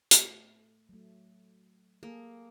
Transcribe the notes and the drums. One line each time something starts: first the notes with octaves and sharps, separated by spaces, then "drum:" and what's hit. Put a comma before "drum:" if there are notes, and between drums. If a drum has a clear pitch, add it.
A3, drum: hi-hat
F#3 A3
A#3 G#4 A4